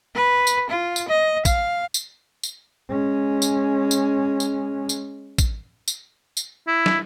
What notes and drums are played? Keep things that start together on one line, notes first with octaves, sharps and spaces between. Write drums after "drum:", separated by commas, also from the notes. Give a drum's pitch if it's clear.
B4
drum: tambourine
F4
drum: tambourine
D#5
F5, drum: kick, tambourine
drum: tambourine
drum: tambourine
G#3 C#4
drum: tambourine
drum: tambourine
drum: tambourine
drum: tambourine
drum: kick, tambourine
drum: tambourine
drum: tambourine
E4
drum: snare